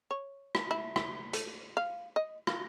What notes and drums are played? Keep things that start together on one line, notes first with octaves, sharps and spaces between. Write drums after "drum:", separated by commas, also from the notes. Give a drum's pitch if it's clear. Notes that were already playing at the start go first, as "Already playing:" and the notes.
C#5
drum: rim click
E4
E3, drum: rim click
A3, drum: hi-hat
F5
D#5
F4, drum: rim click